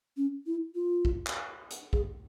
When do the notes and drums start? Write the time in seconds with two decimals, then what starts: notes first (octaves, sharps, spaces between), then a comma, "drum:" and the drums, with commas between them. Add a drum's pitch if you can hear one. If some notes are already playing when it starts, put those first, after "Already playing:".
0.17 C#4
0.46 E4
0.75 F4
1.05 drum: kick A#1
1.27 drum: clap
1.71 drum: hi-hat
1.93 G#4, drum: kick A#1